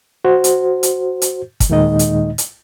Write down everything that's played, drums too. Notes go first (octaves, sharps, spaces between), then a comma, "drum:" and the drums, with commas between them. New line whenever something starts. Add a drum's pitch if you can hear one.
F#4 C5
drum: hi-hat
drum: hi-hat
drum: hi-hat
drum: kick, hi-hat
D#2 A#2 D#3 G#3 D#4 D#5
drum: hi-hat
drum: hi-hat